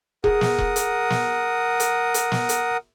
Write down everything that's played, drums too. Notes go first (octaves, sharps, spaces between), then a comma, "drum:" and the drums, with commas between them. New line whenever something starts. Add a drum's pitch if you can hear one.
G#4 A#4 F#5 D#6, drum: kick E1
drum: snare
drum: kick E1
drum: hi-hat
drum: snare
drum: hi-hat
drum: hi-hat
drum: snare
drum: hi-hat